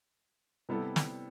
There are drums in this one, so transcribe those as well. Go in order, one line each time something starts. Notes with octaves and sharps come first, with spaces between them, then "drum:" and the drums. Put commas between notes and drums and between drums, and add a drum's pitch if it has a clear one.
C3 G3 B3 E4 A4
drum: snare